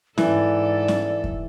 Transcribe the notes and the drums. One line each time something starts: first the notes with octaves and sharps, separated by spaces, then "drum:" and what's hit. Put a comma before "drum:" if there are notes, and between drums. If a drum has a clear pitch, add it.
G#2 E3 A4 D5, drum: snare C#4
drum: snare C#4
drum: kick F2